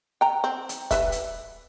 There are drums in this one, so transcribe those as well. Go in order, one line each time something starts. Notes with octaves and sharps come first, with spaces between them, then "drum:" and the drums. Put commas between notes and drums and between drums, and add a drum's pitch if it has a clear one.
G5 A#5
C4
drum: hi-hat
G3 B4 E5, drum: kick, hi-hat
drum: hi-hat